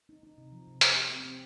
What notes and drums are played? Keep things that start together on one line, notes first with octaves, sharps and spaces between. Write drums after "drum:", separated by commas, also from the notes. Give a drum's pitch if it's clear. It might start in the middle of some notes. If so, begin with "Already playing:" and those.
D#4
D#4
C3
F3
C3
C3, drum: hi-hat
G4
C4
C4